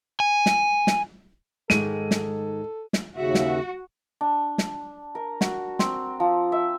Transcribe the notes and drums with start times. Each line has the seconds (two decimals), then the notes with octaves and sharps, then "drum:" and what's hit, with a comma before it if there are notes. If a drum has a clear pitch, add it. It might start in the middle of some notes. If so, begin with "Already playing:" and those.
0.20 G#5
0.46 drum: snare
0.87 drum: snare
1.70 G#2 D#3 G#3 A4 D#7, drum: snare
2.11 drum: snare
2.93 drum: snare
3.16 D#2 C#3 F#4 E5
3.35 drum: snare
4.21 D4
4.58 drum: snare
5.15 A#4
5.41 F#4, drum: snare
5.79 C4, drum: snare
6.20 F3
6.52 E5